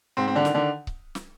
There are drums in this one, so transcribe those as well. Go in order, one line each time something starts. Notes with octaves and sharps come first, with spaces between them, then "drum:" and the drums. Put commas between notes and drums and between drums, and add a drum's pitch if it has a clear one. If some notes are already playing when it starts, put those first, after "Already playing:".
G#2 C4
C4
D3 D4
D#3, drum: snare
D3 D4
drum: kick C#1
drum: snare